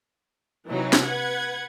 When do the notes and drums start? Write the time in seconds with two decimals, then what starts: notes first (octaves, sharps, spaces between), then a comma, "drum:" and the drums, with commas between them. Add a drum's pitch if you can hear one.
0.69 C3 E3 F#3 D#4
0.93 drum: snare
1.04 B4 F#5 G#6